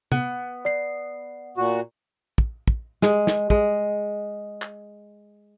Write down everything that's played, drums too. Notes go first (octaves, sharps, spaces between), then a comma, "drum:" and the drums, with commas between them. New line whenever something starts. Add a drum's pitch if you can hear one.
B3, drum: tom
D5 C7
A#2 F#4
drum: kick
drum: kick
G#3, drum: snare
drum: snare
G#3, drum: kick
drum: clap